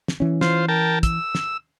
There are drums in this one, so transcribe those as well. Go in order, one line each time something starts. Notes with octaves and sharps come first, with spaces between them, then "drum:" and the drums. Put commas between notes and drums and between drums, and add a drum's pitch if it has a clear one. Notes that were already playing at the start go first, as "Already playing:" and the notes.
drum: snare
E3 C#4
F4 C5, drum: snare
A#4 G5 A5
E6, drum: kick, hi-hat
drum: snare